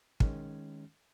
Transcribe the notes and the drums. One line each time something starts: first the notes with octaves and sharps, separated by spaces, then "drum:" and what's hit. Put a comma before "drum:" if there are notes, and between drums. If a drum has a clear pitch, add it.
D#3 G#3 C#4, drum: kick